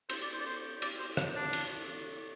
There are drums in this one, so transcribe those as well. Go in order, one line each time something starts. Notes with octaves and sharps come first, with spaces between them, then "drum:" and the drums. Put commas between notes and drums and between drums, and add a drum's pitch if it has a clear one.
C5, drum: cymbal
D5
C5
D5
C5
D5, drum: cymbal
C5
drum: rim click
D4
drum: cymbal